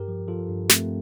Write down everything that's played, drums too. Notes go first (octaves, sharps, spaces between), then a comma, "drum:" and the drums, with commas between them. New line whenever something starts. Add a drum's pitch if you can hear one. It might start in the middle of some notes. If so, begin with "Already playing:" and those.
Already playing: G2 G4 A#4
F3
F3 F4 A4
G2
F3 A3 C4, drum: snare